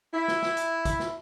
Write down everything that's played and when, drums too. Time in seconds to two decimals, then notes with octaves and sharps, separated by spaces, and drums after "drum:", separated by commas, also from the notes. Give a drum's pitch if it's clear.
0.14 E4
0.28 drum: snare
0.43 drum: snare
0.57 drum: hi-hat
0.85 drum: kick G#1, hi-hat
1.00 drum: snare